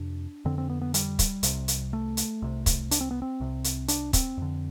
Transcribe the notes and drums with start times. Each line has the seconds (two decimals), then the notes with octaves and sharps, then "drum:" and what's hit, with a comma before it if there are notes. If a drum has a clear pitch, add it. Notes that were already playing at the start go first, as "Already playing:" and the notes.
Already playing: F2 C3 D4
0.45 F2 D3 C4
0.58 C4
0.70 B3
0.81 B3
0.94 G3, drum: hi-hat
1.19 drum: kick, hi-hat
1.43 C2 C3, drum: hi-hat
1.68 drum: hi-hat
1.93 A3
2.17 drum: hi-hat
2.42 C2 C3
2.66 drum: kick, hi-hat
2.91 D4, drum: hi-hat
3.01 C4
3.11 B3
3.22 C4
3.40 C2 C3
3.64 drum: hi-hat
3.88 D4, drum: hi-hat
4.13 C4, drum: kick, hi-hat
4.37 F2 D3